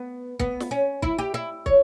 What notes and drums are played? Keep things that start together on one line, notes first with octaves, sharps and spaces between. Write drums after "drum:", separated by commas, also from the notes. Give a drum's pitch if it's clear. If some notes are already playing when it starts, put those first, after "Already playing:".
Already playing: B3
B3, drum: kick
drum: snare
C#4
E4, drum: kick
G4
E4
C#5, drum: kick